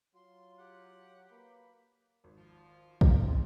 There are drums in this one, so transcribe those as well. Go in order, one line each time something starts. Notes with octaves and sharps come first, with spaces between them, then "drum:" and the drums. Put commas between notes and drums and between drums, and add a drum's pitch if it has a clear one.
F#3 F4 C6
G4 F#5
A#3 B4 B5
G#1
F3
drum: kick
F#2 B2 C6